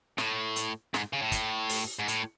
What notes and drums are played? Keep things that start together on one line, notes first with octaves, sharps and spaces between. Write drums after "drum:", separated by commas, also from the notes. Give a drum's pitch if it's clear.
A2, drum: snare
drum: hi-hat
G#2, drum: snare
C#3
A2
drum: kick, hi-hat
drum: open hi-hat
G#2
A2, drum: hi-hat